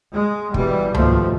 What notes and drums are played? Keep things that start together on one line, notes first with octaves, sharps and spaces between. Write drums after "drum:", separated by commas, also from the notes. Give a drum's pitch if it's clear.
G#3
B2 E3 G3, drum: kick
D#2 G#2 B2 F3 A3, drum: tom C#2